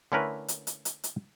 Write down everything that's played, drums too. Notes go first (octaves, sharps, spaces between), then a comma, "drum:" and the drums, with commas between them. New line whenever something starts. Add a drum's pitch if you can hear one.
D3 A3 C#4 E4 A#4 B4
drum: hi-hat
drum: hi-hat
drum: hi-hat
drum: hi-hat